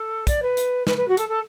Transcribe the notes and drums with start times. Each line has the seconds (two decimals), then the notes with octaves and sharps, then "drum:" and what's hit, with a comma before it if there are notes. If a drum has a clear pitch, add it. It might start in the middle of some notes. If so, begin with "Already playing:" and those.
Already playing: A4
0.27 D5, drum: kick, hi-hat
0.42 B4
0.57 drum: hi-hat
0.87 B4, drum: snare
0.97 B4
1.08 F#4
1.17 A4, drum: hi-hat
1.28 A4